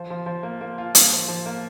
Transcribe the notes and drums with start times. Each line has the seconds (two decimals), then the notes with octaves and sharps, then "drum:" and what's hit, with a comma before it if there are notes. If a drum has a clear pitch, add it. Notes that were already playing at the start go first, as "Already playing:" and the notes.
Already playing: F3
0.10 F3
0.26 F3
0.43 A#3
0.61 A#3
0.78 F4
0.95 A#3, drum: hi-hat
1.12 F3
1.28 F3
1.46 A#3